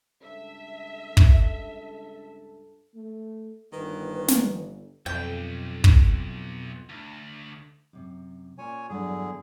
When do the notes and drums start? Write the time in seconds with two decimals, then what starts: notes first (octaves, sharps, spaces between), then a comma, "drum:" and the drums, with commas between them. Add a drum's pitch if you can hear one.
0.22 C#2 G2 A4 E5
1.17 drum: kick
2.95 A3
3.73 G1 D#3 B4
4.28 drum: snare
5.06 B1 F2 G5
5.84 drum: kick
6.90 D2
7.93 F#2 C3
8.58 A#2 C#4 C#5 G#5
8.90 E2 G2 D3 F#3 B3 G#4